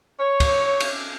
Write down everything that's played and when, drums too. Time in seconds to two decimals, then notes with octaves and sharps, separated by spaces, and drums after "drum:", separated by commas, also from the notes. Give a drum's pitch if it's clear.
0.20 C#5
0.40 drum: kick, cymbal
0.80 drum: cymbal